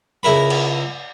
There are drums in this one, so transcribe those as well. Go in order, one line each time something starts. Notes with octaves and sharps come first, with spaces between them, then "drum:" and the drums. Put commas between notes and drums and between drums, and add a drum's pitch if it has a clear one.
C#2 E4 A#4 B5
drum: cymbal